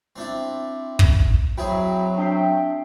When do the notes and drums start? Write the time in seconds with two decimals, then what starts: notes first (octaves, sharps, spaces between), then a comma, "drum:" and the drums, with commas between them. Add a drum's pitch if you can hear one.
0.16 C4 D4 E4
0.99 drum: kick
1.58 F#3 C4 E4 F#4 G#4 G5 B5
2.18 D4 E5 G5 C7